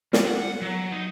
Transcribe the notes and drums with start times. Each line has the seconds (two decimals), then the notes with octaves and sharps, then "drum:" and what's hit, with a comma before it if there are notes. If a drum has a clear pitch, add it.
0.13 G3, drum: snare
0.26 F#5
0.62 F#3
0.92 D#4